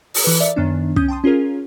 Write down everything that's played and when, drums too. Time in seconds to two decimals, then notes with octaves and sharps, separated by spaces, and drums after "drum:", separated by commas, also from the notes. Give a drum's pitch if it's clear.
0.14 drum: open hi-hat
0.24 E3 A4 B4
0.40 A#4 D5 E5
0.56 F#2 D#3 B3 D4
0.96 C#4 D#6 G6, drum: kick
1.08 G5 A5 C6 D#6
1.24 C#4 F4 G#4 A#4